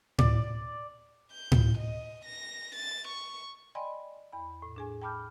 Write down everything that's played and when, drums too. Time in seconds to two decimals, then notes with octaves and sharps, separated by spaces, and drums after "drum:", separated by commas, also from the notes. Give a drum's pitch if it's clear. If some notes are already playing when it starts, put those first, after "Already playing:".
0.18 D5, drum: tom A2
1.31 G6
1.52 drum: tom A2
1.78 D#5
2.25 A#6
2.75 A6
3.08 C#6
3.75 D5 D#5 G5 G#5 B5 C6
4.33 E2 B5
4.62 A2
4.76 D4 G#4 G#5
5.02 G5 A5 B5 D6 F6 G6